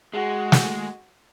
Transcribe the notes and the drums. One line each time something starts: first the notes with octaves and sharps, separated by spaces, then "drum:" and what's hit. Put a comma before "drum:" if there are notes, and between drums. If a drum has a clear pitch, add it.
G#3 F#4
drum: snare